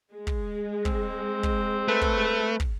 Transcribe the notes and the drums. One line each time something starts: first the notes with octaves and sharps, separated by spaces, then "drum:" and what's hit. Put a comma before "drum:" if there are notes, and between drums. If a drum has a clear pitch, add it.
G#3
drum: kick
C4, drum: kick
drum: kick
A3 B4
drum: kick
drum: kick